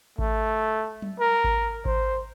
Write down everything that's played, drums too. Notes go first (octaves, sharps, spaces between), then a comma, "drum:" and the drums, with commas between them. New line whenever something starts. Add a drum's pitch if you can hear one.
A3, drum: kick G#1
drum: tom F#3
A#4
drum: kick G#1
C5, drum: kick G#1